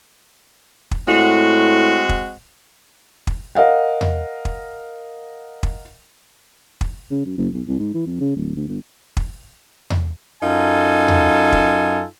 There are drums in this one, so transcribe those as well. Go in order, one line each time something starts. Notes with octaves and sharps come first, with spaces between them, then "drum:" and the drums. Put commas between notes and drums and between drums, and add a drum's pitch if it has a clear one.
drum: kick
A2 G#3 C4 F#4
drum: kick
drum: kick
A#4 D#5 F5 F#5
drum: tom E2
drum: kick
drum: kick
drum: kick
C#3
F#2
F#1
B1
C2
G#2
E3
F2
C#3
D1
D2
G1
drum: kick
drum: tom E2
F#2 D#4 F4 A4 G#5
drum: tom E2
drum: kick